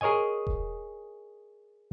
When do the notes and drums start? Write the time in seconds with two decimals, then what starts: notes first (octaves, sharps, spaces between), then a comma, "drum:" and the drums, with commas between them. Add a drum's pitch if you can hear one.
0.01 G#4 A#4 C#5 D#5 G#5
0.47 drum: kick E1